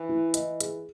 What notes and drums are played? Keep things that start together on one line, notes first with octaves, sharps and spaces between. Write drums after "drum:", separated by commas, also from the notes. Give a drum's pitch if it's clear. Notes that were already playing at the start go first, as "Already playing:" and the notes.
Already playing: E3
E4
D#5, drum: hi-hat
G#4, drum: hi-hat